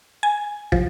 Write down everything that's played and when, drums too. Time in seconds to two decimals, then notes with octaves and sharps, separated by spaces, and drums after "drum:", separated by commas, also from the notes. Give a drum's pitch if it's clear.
0.23 G#5
0.72 F3, drum: kick